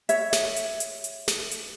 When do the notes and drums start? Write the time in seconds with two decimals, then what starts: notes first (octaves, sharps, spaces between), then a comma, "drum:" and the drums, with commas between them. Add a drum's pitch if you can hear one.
0.09 C#5 E5, drum: hi-hat
0.33 drum: snare
0.56 drum: hi-hat
0.80 drum: hi-hat
1.04 drum: hi-hat
1.28 drum: snare
1.51 drum: hi-hat